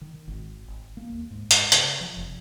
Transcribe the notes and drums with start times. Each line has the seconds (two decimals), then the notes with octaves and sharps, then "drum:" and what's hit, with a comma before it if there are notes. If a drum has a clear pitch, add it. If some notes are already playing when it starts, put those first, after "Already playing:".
0.01 D#3
0.27 G#1
0.68 G#1
0.97 A#3
1.12 D#2
1.31 G#2
1.51 G#2, drum: hi-hat
1.72 C#3, drum: hi-hat
2.01 F3
2.16 F1